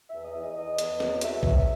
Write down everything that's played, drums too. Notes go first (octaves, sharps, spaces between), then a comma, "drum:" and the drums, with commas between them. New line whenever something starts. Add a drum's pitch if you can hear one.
E2 E5
D#5
E2
D#5
E2 D#5
E2, drum: hi-hat
F#3, drum: snare
E2 E5, drum: hi-hat
F#3, drum: kick A#1